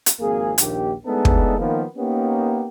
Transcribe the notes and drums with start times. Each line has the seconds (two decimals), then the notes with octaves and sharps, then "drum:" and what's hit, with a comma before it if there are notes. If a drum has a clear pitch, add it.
0.06 drum: hi-hat
0.20 G#1 F2 A#3 G#4
0.58 A#1 D#2 G4, drum: hi-hat
1.06 G#3 A3 B3 D4 D#4 A4
1.25 drum: kick
1.58 D#3 F3 A#3 B3
1.96 A#3 B3 C#4 D#4 G4